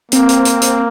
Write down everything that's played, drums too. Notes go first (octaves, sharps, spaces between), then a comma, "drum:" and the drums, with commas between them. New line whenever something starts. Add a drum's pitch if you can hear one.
A#3 C4, drum: hi-hat
drum: hi-hat
drum: hi-hat
drum: hi-hat